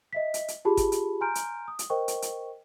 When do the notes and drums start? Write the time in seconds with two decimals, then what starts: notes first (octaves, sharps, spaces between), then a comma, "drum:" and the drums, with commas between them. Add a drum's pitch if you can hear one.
0.13 D#5 E5 B6
0.34 drum: hi-hat
0.48 drum: hi-hat
0.65 F4 G4 G#4 A5 B5
0.77 drum: kick G1, hi-hat
0.92 drum: hi-hat
1.21 G#5 A#5 C6 F6 G6 D7
1.35 drum: hi-hat
1.68 D#6
1.79 drum: hi-hat
1.90 A#4 C5 D#5 G5 C#6
2.08 drum: hi-hat
2.22 drum: hi-hat